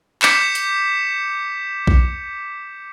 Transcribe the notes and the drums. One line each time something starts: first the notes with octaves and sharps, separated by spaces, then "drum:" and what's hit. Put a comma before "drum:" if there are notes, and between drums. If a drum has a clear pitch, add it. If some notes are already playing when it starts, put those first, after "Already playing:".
D6 G6 B6 C#7 E7, drum: clap
drum: hi-hat
drum: kick A#1